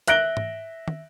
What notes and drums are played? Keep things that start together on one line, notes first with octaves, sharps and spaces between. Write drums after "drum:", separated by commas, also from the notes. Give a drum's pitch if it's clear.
E5 F#6 A#6 D7 G7, drum: hi-hat
drum: tom G#2
drum: tom